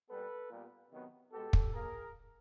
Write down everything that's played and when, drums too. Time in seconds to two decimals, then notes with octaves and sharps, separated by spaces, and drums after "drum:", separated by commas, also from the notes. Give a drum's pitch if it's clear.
0.09 A#2 G3 B3 A4 B4
0.51 A#2 G3 B3
0.91 C3 D#3 F#3 B3
1.32 B2 G#3 B3 G4 A4
1.53 drum: kick
1.73 A#2 F3 A#3 G#4 A#4